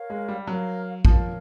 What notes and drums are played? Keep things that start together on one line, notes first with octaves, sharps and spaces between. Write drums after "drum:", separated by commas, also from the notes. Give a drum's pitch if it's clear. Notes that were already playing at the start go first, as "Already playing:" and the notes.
Already playing: A#4 C#5 F5
G#3
G3
F#3 A#4 C#5 F5
F3 A#4 C#5 F5, drum: kick